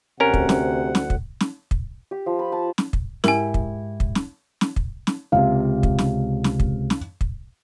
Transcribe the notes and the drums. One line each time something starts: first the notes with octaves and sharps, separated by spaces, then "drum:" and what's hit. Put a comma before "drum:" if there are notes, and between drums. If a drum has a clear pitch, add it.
D2 C3 C#4 A#4 F#5
drum: kick
drum: snare
drum: snare
drum: kick
drum: snare
drum: kick
G4
F3
B5
A5
drum: snare
drum: kick
G#2 E4 G4 A#4 G#5, drum: snare
drum: kick
drum: kick
drum: snare
drum: snare
drum: kick
drum: snare
C#2 C3 F5
drum: kick
drum: snare
drum: snare
drum: kick
drum: snare
drum: kick